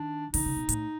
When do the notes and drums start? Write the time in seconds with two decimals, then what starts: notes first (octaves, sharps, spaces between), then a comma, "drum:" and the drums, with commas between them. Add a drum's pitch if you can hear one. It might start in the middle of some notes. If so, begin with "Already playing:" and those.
Already playing: D#3 D4
0.34 D3 D#4, drum: open hi-hat
0.46 C#3
0.56 B2
0.69 A2, drum: hi-hat